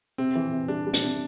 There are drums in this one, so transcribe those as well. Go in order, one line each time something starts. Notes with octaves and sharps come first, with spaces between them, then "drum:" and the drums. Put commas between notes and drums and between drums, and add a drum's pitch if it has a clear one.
C3 C4
E3
C3
G3 D4
G3
D4, drum: hi-hat
C3